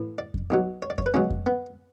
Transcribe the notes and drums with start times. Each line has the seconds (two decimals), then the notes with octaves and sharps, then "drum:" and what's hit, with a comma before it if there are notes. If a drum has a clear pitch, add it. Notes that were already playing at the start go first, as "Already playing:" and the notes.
Already playing: A2 E3
0.18 D5
0.34 drum: kick F2
0.50 B1 B2 F#3
0.82 C#5
0.90 D5
0.98 C#5, drum: kick F2
1.06 B4
1.14 C#2 B2 F#3 C#4
1.30 drum: kick F2
1.46 B3